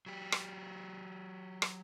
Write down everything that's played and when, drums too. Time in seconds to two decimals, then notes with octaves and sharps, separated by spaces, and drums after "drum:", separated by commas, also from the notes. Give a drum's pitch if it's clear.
0.06 F#3 G4
0.32 drum: rim click
1.62 drum: rim click